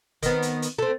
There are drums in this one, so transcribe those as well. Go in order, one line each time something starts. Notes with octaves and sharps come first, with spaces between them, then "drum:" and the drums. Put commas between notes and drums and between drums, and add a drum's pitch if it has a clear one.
D#3 B3, drum: kick, hi-hat
drum: hi-hat
drum: hi-hat
A3 C4